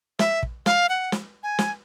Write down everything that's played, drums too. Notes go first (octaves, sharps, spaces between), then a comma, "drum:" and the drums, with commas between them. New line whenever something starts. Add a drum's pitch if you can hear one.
E5, drum: snare
drum: kick
F5, drum: snare
F#5
drum: snare
G#5
drum: snare